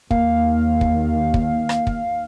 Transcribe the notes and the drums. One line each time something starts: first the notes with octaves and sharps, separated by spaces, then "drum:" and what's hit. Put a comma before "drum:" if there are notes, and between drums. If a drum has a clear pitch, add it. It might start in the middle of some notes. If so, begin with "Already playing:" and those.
D#2 A#3 F5, drum: kick
drum: kick
drum: kick
drum: rim click
drum: kick